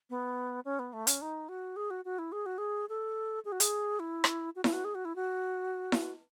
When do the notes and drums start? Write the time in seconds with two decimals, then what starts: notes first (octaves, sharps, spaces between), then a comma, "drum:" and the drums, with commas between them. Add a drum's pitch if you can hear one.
0.10 B3
0.65 C#4
0.79 B3
0.93 A3
1.07 C#4, drum: hi-hat
1.22 D#4
1.49 F#4
1.76 G#4
1.90 F#4
2.05 F#4
2.19 E4
2.32 G#4
2.46 F#4
2.58 G#4
2.89 A4
3.45 G#4
3.52 F#4
3.60 G#4, drum: hi-hat
4.00 E4
4.24 drum: rim click
4.56 F#4
4.64 E4, drum: snare E4
4.73 F#4
4.84 G#4
4.95 F#4
5.05 E4
5.16 F#4
5.92 drum: snare E4